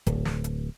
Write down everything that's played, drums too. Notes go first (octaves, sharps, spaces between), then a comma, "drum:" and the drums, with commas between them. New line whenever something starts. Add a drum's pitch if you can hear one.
D1, drum: kick G1, hi-hat
drum: snare
drum: hi-hat